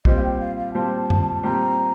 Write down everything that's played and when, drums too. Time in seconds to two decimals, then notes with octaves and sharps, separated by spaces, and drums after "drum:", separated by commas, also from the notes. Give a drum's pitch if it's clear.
0.05 A#2 G3 C4 G4 C5 D#5, drum: kick
0.16 F5
0.23 G5
0.40 F5
0.57 F5
0.74 A#2 G3 C4 G4 C5 A5
1.10 drum: tom F#2
1.43 A#2 G3 C4 G4 C5 A#5